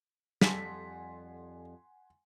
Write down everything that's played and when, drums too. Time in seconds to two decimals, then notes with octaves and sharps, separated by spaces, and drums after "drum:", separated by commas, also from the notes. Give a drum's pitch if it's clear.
0.41 F2 G3 A4 F#5 G#5 C6 B6, drum: snare